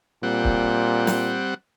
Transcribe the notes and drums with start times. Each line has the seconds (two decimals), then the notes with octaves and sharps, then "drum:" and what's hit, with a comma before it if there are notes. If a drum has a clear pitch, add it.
0.23 A#2 G3 C4 F#5
0.44 drum: kick
1.07 drum: snare